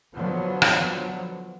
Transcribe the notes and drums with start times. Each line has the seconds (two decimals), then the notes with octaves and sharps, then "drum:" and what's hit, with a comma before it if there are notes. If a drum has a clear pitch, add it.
0.15 D3 F3 F#3 B3
0.62 drum: rim click